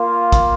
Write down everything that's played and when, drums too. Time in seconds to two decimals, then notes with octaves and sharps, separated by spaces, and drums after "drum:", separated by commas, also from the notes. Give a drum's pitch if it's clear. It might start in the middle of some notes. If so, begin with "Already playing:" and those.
Already playing: A#3 F4
0.32 drum: kick, hi-hat